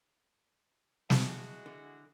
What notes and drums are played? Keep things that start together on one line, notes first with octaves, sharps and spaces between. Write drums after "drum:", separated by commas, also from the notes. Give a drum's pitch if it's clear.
E3 G#3 F#4 A5, drum: snare
D3